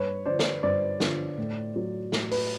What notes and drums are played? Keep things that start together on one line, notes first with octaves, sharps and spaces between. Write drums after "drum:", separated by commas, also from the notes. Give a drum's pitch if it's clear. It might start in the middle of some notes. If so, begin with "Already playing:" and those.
Already playing: G2 B4 C#5
D3 F3 C5 D5
drum: snare
G2 C5 D5
D3 F3, drum: snare
A2
F#3
A2, drum: snare
B4, drum: open hi-hat